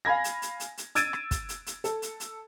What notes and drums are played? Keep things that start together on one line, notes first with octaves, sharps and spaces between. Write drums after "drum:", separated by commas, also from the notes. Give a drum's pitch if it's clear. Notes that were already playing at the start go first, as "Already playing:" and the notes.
F5 G#5 B5 G#6 A#6
drum: hi-hat
drum: hi-hat
drum: hi-hat
drum: hi-hat
E6 G#6 A6 D7 D#7, drum: hi-hat
drum: rim click
drum: kick, hi-hat
drum: hi-hat
drum: hi-hat
A4, drum: hi-hat
drum: hi-hat
drum: hi-hat